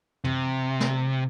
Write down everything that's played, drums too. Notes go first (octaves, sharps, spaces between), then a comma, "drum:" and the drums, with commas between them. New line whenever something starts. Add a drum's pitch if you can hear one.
C3, drum: tom
drum: snare